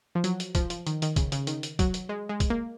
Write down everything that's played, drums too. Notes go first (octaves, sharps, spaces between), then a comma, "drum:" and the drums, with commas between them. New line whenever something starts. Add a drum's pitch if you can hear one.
F3
F#3, drum: hi-hat
drum: hi-hat
F3, drum: kick, hi-hat
F3, drum: hi-hat
D#3, drum: hi-hat
D#3, drum: hi-hat
C#3, drum: kick, hi-hat
C#3, drum: hi-hat
D#3, drum: hi-hat
drum: hi-hat
F#3, drum: kick, hi-hat
drum: hi-hat
G#3
G#3
drum: kick, hi-hat
A#3